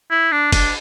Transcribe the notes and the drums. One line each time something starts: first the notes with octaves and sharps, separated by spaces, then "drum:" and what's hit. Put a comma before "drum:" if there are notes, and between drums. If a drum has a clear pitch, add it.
E4
D4
D4, drum: kick, cymbal